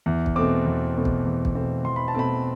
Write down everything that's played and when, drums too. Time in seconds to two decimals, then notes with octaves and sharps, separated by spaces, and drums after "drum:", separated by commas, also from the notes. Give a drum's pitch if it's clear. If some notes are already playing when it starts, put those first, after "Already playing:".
0.06 E2
0.26 drum: kick
0.36 B2 A3 C4 D6
0.66 E2
0.95 B2 A3 C4
1.05 drum: kick
1.25 E2
1.45 drum: kick
1.55 B2 A3 C4
1.84 E2 C6
1.96 B5
2.08 A5
2.14 B2 A3 C4 B5